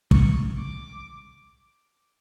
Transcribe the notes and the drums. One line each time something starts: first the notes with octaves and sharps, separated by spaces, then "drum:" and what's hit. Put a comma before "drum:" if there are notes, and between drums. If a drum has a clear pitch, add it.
C#6, drum: kick
D6